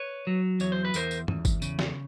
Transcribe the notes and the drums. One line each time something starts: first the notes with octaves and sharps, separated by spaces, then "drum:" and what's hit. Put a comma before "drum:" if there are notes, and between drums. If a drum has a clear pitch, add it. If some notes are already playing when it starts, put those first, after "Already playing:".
Already playing: B4 C#5
F#3
E2 C#5, drum: tambourine
C5
B4
E2 A#4 C5, drum: tambourine
drum: tambourine
E2, drum: tom
drum: kick G1, tambourine
C#3, drum: tambourine
drum: snare